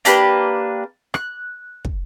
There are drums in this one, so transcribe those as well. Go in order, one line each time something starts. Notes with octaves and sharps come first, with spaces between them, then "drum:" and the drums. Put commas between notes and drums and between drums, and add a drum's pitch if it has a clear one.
A#3 D4 G4 B4, drum: hi-hat
F#6, drum: rim click
drum: kick